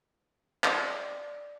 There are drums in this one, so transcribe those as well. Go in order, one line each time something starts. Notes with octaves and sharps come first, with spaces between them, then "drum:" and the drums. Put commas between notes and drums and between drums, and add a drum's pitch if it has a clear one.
D5, drum: clap